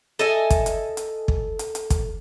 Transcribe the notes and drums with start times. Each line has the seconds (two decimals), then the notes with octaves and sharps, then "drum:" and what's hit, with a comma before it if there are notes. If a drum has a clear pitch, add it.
0.19 A4 D#5 E5 G#5
0.50 drum: kick, hi-hat
0.66 drum: hi-hat
0.97 drum: hi-hat
1.28 drum: kick
1.59 drum: hi-hat
1.75 drum: hi-hat
1.90 drum: kick, hi-hat